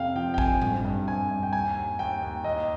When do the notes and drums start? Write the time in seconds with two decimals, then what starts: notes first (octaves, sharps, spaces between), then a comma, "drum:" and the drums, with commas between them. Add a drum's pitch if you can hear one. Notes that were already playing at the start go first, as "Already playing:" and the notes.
Already playing: F2 C3 F5 G5
0.16 F3 G5
0.34 G5
0.38 F2 G#5, drum: kick A1
0.62 G2, drum: tom A2
0.84 G2
1.08 G2 G#5
1.31 G2
1.43 G5
1.53 D#2 G#5
1.77 D#2
1.99 D#2 G5
2.23 D#2
2.44 D#2 D#5